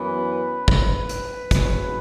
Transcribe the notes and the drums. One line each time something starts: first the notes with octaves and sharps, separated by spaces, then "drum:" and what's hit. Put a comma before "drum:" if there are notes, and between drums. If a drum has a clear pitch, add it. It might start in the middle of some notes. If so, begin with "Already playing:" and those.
Already playing: F#2 E3 B3 B4
drum: kick
drum: hi-hat
G#2 F#3 C#4, drum: kick, hi-hat